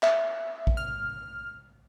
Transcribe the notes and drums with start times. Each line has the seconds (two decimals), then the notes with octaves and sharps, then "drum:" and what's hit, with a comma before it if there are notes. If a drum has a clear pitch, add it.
0.03 E5, drum: clap
0.67 drum: kick A#1
0.77 F6